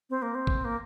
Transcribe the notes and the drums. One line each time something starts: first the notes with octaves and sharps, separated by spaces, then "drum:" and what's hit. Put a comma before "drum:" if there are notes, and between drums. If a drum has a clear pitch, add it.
C4
A#3
C4
drum: kick A1
A#3